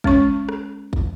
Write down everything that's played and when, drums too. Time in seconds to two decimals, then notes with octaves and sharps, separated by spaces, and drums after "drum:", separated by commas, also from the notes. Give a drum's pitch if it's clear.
0.04 G#3 C#4 C#5 C#6, drum: kick
0.49 drum: rim click
0.93 drum: kick